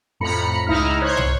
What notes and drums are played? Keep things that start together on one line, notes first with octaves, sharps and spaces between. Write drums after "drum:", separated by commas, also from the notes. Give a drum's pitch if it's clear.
F2 A2 A#5 B5 C#7
C#2 D#4 E4 A#5 F6
C5 C#5 F#6 G#6
C#5, drum: tom